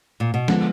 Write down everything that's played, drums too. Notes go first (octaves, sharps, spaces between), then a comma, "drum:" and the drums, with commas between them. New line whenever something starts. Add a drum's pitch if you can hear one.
A#2
B2
D3 F3 G#3 B3 F4, drum: snare F3